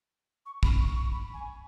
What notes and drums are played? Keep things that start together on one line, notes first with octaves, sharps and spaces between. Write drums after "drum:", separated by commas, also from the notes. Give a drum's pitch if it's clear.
C#6
B5, drum: kick
C#6
C#6
B5
G#5